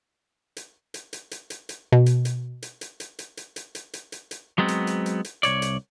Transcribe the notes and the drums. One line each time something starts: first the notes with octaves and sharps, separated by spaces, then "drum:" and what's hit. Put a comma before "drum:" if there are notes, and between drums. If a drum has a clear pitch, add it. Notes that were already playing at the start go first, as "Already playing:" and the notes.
drum: hi-hat
drum: hi-hat
drum: hi-hat
drum: hi-hat
drum: hi-hat
drum: hi-hat
B2
drum: hi-hat
drum: hi-hat
drum: hi-hat
drum: hi-hat
drum: hi-hat
drum: hi-hat
drum: hi-hat
drum: hi-hat
drum: hi-hat
drum: hi-hat
drum: hi-hat
drum: hi-hat
F#3 G#3 B3 C4
drum: hi-hat
drum: hi-hat
drum: hi-hat
drum: hi-hat
C2 C#5 D5, drum: hi-hat
drum: hi-hat